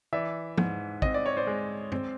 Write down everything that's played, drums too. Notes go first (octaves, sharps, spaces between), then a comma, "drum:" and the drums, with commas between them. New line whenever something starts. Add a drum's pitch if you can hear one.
E3 D5 E5
G#2, drum: tom
C4 D#5, drum: kick
D5
C#5
C5 D5
G#3
C4, drum: tom G2